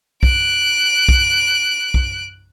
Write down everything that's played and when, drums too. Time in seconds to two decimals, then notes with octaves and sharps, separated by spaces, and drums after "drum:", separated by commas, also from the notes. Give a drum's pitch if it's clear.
0.23 F#6 D7, drum: kick B1
1.09 drum: kick B1
1.94 drum: kick B1